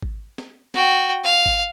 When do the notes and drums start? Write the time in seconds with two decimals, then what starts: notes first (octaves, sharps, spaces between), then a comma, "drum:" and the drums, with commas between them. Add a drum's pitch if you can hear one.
0.02 drum: kick G#1
0.38 drum: snare
0.74 F#4 G5, drum: snare
1.24 F5
1.46 drum: kick G#1